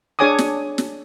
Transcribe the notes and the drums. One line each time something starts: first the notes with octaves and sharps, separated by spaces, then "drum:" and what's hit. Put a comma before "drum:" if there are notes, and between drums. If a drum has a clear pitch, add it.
D4 G#4 C#5 G#5 D6 D#6
drum: snare
drum: snare